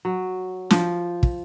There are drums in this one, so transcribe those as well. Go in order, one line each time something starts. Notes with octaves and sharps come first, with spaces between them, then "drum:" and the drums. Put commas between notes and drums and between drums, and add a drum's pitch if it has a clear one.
F#3
F3, drum: snare
drum: kick